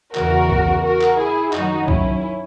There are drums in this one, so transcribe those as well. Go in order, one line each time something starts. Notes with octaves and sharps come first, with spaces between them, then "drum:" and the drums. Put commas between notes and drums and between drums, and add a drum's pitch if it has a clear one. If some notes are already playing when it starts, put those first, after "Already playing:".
E2 C#3 E3 F#4 A#4, drum: clap
drum: kick
F#4 A#4
drum: clap
E4 G#4
F#2 D#3 F#3 D#4 F#4, drum: clap
C#4 E4, drum: kick